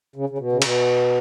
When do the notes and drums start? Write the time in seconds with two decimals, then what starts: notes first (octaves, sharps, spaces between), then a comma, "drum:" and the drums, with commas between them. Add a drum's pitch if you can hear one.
0.16 C#3
0.29 C#3
0.38 B2
0.52 C#3
0.62 B2, drum: cymbal